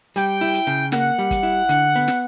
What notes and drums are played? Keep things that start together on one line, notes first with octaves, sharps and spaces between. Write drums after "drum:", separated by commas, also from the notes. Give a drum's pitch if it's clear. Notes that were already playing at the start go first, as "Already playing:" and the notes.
G3 G5, drum: hi-hat
E4
drum: hi-hat
C#3
A#3 F#5, drum: snare
G3
drum: kick, hi-hat
E4
D3, drum: hi-hat
B3
drum: snare